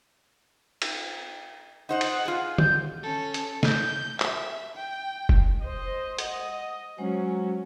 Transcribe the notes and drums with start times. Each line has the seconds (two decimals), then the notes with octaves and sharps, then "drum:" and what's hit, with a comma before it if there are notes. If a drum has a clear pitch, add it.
0.82 drum: cymbal
1.89 D#4 C5 D#5 F#5
2.01 drum: cymbal
2.25 F4 G#4
2.58 G6, drum: tom D3
3.03 C#4 A4
3.34 drum: hi-hat
3.63 G6, drum: snare
4.20 E5, drum: clap
4.76 G5
5.29 drum: kick F1
5.61 C5 D#5
6.19 D#5 F#5, drum: hi-hat
6.98 F#3 G#3 C#4 C5 F#5